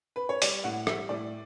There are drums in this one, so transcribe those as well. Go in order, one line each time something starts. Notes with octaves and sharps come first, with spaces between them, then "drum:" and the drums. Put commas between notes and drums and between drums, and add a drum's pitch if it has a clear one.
B4
C#5
G3 D5, drum: open hi-hat
A2 F#5
G3 E5, drum: rim click
A2 D5